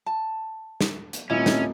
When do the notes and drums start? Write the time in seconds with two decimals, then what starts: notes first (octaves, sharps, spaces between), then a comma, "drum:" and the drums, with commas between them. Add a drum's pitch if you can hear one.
0.06 A5
0.81 drum: snare
1.13 drum: hi-hat
1.30 D#1 A3 C4 C#4 E4 D#5
1.46 drum: snare